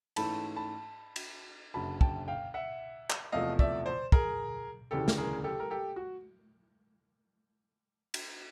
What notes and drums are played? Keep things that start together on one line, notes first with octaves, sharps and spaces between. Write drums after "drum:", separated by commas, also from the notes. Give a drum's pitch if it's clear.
G#2 E3 A3 C#4 A5 B5, drum: cymbal
A5 B5
drum: cymbal
F#1 F#2 D3 F#3 A5 B5
G5 A5, drum: kick
F5 G5
E5 F#5
drum: clap
E2 C3 F3 A3 D#5 F5
D5 E5, drum: kick
C5 D5
G#4 A#4, drum: kick
E1 D2 C#3 E3 G4 A4
drum: snare
G#4 A#4
G4 A4
A#4
G4 A4
F#4
drum: cymbal